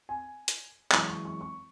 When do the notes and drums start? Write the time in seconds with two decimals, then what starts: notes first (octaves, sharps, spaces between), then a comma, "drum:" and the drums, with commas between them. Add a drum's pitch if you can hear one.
0.09 G#5
0.48 drum: hi-hat
0.92 F#2 E3 G#3 A5, drum: clap
1.08 C#6
1.25 C#6
1.41 C#6